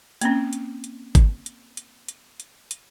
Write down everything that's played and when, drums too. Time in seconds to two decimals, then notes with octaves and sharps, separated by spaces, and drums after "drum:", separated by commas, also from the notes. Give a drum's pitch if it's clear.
0.21 A#3 C4 C#4, drum: hi-hat
0.53 drum: hi-hat
0.84 drum: hi-hat
1.15 drum: kick G1, hi-hat
1.46 drum: hi-hat
1.77 drum: hi-hat
2.08 drum: hi-hat
2.40 drum: hi-hat
2.71 drum: hi-hat